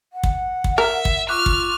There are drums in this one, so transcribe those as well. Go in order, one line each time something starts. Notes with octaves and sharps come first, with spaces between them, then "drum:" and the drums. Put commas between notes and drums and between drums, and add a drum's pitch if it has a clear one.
F#5
drum: kick
drum: kick
A#4 E5
drum: kick
F4 C#6 D6 F6 F#6
drum: kick